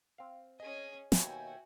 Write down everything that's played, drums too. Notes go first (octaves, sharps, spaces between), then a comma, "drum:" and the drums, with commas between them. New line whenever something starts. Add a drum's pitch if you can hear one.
C4 F5
C#4 G#4 D#5
D#2 B2 F#4 E5 G5 G#5, drum: snare